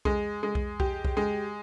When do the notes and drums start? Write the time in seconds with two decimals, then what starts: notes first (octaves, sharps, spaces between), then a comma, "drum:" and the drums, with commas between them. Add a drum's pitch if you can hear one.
0.05 G#3, drum: kick B1
0.43 G#3
0.55 drum: kick B1
0.80 G4, drum: kick B1
1.05 drum: kick B1
1.17 G#3